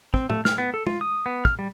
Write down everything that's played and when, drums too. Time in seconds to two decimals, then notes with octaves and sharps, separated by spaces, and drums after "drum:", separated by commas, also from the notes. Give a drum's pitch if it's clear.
0.14 C4, drum: kick
0.30 A3, drum: tom
0.45 F6, drum: snare
0.58 B3
0.74 A4
0.87 F4, drum: tom
1.01 D#6
1.26 B3
1.45 F6, drum: kick
1.59 G3